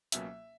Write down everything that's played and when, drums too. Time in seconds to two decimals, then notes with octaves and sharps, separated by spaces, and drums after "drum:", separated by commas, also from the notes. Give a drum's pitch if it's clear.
0.12 C#2 B2 F#3 A#3 C#4 E5, drum: hi-hat